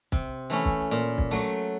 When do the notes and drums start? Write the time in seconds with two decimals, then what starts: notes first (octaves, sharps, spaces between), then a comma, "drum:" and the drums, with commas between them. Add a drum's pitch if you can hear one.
0.12 C3, drum: kick
0.50 E3 A3 C#4 E4
0.65 drum: kick
0.91 A#2
1.18 drum: kick
1.31 F#3 A3